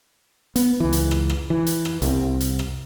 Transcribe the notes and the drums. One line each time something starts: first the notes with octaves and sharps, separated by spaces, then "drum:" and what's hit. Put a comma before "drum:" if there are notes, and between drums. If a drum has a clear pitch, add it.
B3, drum: hi-hat
C#2 E3
drum: hi-hat
drum: rim click
drum: rim click
E3
drum: hi-hat
drum: rim click
C2 G#3 C4, drum: hi-hat
drum: hi-hat
drum: rim click